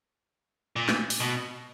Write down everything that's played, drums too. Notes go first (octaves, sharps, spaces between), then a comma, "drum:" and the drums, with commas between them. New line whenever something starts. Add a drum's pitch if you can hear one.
A#2
drum: snare
drum: open hi-hat
B2